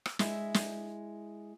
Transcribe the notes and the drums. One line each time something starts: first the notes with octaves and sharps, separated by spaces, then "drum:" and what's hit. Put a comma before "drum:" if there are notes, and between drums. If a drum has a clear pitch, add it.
drum: rim click
G#3 E4 E5, drum: snare
drum: snare